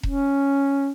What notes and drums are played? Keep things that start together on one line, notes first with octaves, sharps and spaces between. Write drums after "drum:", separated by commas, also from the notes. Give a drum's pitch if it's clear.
C#4, drum: kick E1